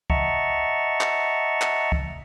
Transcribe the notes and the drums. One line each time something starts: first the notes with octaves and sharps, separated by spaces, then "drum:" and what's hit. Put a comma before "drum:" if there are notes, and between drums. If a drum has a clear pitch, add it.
D#5 E5 F#5 A5 A#5 C#6, drum: kick C#2
drum: clap
drum: clap
drum: kick C#2